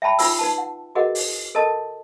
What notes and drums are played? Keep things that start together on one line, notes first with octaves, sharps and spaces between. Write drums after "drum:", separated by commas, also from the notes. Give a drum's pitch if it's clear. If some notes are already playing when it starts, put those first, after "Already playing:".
E5 G5 A5 B5
D#4 F4 G#5 E6, drum: open hi-hat
D#4 B4 A5
F#5
F#4 G#4 A#4 B4 D#5 F#5
drum: open hi-hat
A4 A#4 D#5 A5